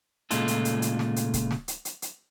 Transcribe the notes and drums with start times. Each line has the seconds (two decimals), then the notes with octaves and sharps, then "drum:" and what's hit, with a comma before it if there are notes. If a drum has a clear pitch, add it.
0.31 A#2 C#3 G#3 A3 F4 A4, drum: hi-hat
0.48 drum: hi-hat
0.65 drum: hi-hat
0.82 drum: hi-hat
0.99 drum: snare
1.16 drum: hi-hat
1.34 drum: kick, hi-hat
1.51 drum: snare
1.68 drum: hi-hat
1.85 drum: hi-hat
2.02 drum: hi-hat